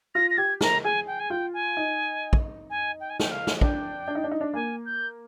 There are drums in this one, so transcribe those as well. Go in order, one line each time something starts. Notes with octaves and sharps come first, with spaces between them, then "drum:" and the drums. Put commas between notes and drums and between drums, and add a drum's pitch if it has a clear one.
F4 A#6
A#6
G4 G#6
A#4 A#5, drum: snare
G#4 G#5
G5
G#5
F4 G5
G#5
D#4
drum: kick
G#5
G5
G#5
G5, drum: snare
F5
drum: snare
D4 G5, drum: kick
D4
D#4
D4
D#4
D4
A#3 G#5
G6